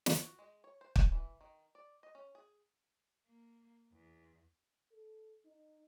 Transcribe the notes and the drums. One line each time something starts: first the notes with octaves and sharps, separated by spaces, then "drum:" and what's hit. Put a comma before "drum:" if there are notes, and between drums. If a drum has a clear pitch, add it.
drum: snare
F#4
G#3
C#5
C5
C5, drum: kick
E3
D#3
D5
D#5
C#4
G#4
A#3
E2
A4
D#4